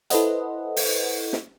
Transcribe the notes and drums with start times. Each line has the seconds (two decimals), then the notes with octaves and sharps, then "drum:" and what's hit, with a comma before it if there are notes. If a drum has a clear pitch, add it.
0.10 E4 A4 B4 C5 D#5 F#5, drum: hi-hat
0.77 drum: open hi-hat
1.33 drum: snare